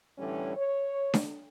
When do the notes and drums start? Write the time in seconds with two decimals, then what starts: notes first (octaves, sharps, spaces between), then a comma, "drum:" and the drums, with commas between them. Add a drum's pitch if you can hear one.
0.18 A2 D3 E3 G3 C#4
0.56 C#5
1.14 drum: snare D4